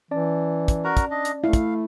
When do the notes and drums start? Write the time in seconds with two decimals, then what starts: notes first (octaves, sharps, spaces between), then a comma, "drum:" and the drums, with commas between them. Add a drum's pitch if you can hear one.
0.11 E3 C#4 D5 A5
0.68 drum: kick, hi-hat
0.84 F#4 A#4 A#5
0.97 drum: kick, hi-hat
1.11 D4 D#5
1.25 drum: hi-hat
1.44 A3 E4 F5
1.53 drum: kick, hi-hat